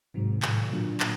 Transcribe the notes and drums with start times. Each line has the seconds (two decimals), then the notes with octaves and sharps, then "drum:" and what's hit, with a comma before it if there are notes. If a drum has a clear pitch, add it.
0.14 G#2 C3 D#3 F#3
0.42 A2, drum: clap
0.72 A#2 D3 F#3 A#3 D4 F4
1.00 drum: clap